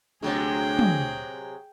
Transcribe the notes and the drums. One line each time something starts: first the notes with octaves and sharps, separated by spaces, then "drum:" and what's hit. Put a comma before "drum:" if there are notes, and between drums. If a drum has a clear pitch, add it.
D2 C3 F#3 G#3 G#4 G5
drum: tom